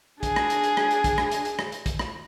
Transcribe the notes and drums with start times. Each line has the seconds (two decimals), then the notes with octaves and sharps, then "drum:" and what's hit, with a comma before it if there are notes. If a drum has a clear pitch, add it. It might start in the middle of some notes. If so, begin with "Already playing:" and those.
0.23 D4 G#4, drum: kick, hi-hat
0.36 drum: rim click
0.50 drum: hi-hat
0.64 drum: hi-hat
0.77 drum: rim click
0.91 drum: hi-hat
1.04 drum: kick, hi-hat
1.18 drum: rim click
1.31 drum: hi-hat
1.45 drum: hi-hat
1.59 drum: rim click
1.72 drum: hi-hat
1.86 drum: kick, hi-hat
1.99 drum: rim click